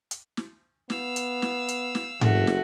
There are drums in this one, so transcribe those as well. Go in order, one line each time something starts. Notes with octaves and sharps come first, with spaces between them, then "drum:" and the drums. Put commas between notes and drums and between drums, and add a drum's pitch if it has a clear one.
drum: hi-hat
drum: snare
B3 F5 E6, drum: snare
drum: hi-hat
drum: snare
drum: hi-hat
drum: snare
F#1 A3 F#4, drum: tom G#2
drum: snare